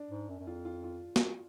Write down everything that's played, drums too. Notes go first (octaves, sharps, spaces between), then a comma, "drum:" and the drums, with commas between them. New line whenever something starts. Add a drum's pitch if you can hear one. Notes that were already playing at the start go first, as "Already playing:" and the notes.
Already playing: D4
G#2
F#2
F#2
F2 F4
F4
F4
drum: snare